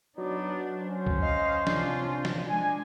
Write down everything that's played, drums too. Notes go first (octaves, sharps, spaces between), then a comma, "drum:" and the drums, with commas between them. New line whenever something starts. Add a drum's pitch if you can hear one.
F#3 B3 D4 D#4 D5
C#4 C5
drum: kick C2
D#5 F5
C3 D4 F4, drum: snare
drum: snare
F3 G#3 D4 G#5